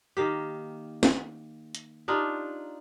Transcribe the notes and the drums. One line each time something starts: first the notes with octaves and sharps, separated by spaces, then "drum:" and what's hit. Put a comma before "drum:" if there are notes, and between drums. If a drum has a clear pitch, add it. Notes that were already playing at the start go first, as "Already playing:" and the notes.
D#3 A#3 G4
drum: snare
drum: hi-hat
D4 D#4 F4 G4